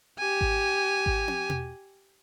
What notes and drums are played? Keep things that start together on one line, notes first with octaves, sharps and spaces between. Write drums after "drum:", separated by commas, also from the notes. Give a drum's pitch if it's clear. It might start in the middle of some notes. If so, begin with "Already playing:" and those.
G4 G#5
drum: kick G#1
drum: kick G#1
drum: tom
drum: tom B2